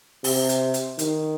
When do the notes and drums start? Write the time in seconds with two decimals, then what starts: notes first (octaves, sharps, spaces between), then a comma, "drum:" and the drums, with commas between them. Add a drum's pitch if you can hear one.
0.24 C3, drum: open hi-hat
0.49 drum: hi-hat
0.74 drum: hi-hat
0.99 D#3, drum: hi-hat